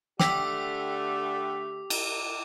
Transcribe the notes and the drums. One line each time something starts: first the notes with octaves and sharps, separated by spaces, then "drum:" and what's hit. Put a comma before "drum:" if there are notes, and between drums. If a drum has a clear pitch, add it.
D3 A3 G4 G5 D6 E6 B6, drum: snare
drum: cymbal